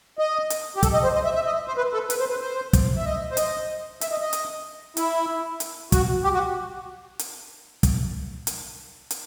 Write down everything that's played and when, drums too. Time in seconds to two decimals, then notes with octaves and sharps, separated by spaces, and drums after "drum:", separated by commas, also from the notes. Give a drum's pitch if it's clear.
0.19 D#5
0.50 drum: hi-hat
0.77 G4
0.83 A4, drum: kick, hi-hat
0.93 D#5
1.04 C5
1.15 D#5
1.25 E5
1.35 E5
1.46 D#5
1.68 C5
1.77 B4
1.93 A4
2.10 B4, drum: hi-hat
2.20 C5
2.30 B4
2.41 C5
2.73 drum: kick, hi-hat
2.97 E5
3.06 D#5
3.31 C5
3.37 D#5, drum: hi-hat
4.01 E5, drum: hi-hat
4.12 D#5
4.22 D#5
4.33 drum: hi-hat
4.97 E4, drum: hi-hat
5.60 drum: hi-hat
5.92 F#4, drum: kick, hi-hat
6.24 G4
6.34 F#4
7.19 drum: hi-hat
7.83 drum: kick, hi-hat
8.47 drum: hi-hat
9.11 drum: hi-hat